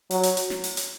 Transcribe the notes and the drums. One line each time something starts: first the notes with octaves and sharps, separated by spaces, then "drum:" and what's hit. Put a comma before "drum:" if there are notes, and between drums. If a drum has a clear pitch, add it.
F#3, drum: open hi-hat
drum: hi-hat
drum: hi-hat
drum: snare
drum: open hi-hat
drum: hi-hat